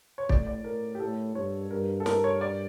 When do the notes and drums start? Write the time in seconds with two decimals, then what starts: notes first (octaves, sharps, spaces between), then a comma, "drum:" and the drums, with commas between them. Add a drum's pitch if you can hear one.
0.18 C#5
0.29 A2 D5, drum: kick
0.47 D5
0.64 A2 A#4
0.95 G4
1.00 A2 A4
1.35 G2 C#5
1.71 G2 A#4
2.00 A4
2.06 G2 A#4, drum: snare
2.24 C#5
2.41 D5